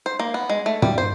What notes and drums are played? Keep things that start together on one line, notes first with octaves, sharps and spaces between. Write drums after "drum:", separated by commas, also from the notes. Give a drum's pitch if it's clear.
C5
A#3
B3
G#3
A3
G3, drum: tom
C5